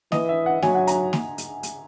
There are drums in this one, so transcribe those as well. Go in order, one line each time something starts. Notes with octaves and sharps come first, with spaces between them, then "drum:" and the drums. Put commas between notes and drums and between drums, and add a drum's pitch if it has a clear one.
E3 D#5, drum: snare
E5
F#5
F#3 G#5, drum: snare
F#5
A#5, drum: hi-hat
drum: snare
drum: hi-hat
drum: hi-hat